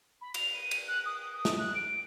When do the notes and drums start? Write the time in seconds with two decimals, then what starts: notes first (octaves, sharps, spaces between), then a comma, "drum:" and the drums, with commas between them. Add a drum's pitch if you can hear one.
0.21 B5
0.34 F7, drum: cymbal
0.54 D#7
0.71 drum: cymbal
0.88 F#6
1.05 D#6
1.33 D#6
1.45 drum: snare
1.58 F#6
1.74 D7